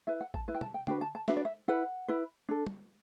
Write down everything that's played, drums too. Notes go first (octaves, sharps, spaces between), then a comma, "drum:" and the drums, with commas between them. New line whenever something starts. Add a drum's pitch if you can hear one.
E4 B4 E5
F#5
A5, drum: kick A1
E4 B4
G5
A5, drum: tom
G5
D4 F#4 B4 G5, drum: tom
A5
A5
D4 F#4 B4 E5, drum: snare
D5
E5
E4 B4 F#5
E4 B4
D4 A4
drum: tom